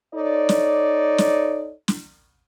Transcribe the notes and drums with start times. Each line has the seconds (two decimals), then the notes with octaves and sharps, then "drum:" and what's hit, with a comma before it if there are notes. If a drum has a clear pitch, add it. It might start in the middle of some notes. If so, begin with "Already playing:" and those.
0.14 D#4 A4 C#5 D5
0.49 drum: snare
1.18 drum: snare
1.88 drum: snare